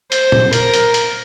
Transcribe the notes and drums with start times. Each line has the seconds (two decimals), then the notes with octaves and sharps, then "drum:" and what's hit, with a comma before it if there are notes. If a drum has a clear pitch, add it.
0.12 C5, drum: hi-hat
0.32 drum: tom A#2
0.53 A#4, drum: hi-hat
0.74 drum: hi-hat
0.94 drum: hi-hat